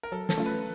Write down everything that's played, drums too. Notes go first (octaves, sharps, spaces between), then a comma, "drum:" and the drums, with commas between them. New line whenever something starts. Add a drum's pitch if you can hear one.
A#4
F#3 A4
A4, drum: snare
A3 C#4 F4
B4